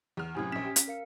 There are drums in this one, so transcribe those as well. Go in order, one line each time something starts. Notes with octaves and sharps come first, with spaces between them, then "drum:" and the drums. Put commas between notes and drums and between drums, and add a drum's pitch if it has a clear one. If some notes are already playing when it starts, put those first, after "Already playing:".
E2 F6
F#2 A2 C3 G#5 D#6 G#6
A#1 C#4 B6 E7
G4
drum: hi-hat
A#4 F5 C#7